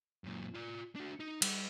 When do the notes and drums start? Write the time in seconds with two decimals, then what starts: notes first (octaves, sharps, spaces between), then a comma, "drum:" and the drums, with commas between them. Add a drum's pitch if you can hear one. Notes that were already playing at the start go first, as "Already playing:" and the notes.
0.24 F#2 A#2
0.54 F4 D5
0.96 D4 F#4
1.20 D#4
1.42 G3, drum: cymbal